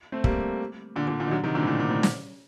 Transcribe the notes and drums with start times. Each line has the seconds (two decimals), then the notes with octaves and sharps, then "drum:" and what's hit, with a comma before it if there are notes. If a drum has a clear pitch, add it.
0.12 A3 C4
0.24 G3 A#3, drum: kick
0.96 A#2 D3
1.07 A#2 D3
1.20 A#2 D3
1.27 D#3
1.31 D3 F#3
1.43 C3 D#3
1.55 A#2 D3
1.63 A2
1.67 A#2
1.80 A#2
1.91 A2
2.03 drum: snare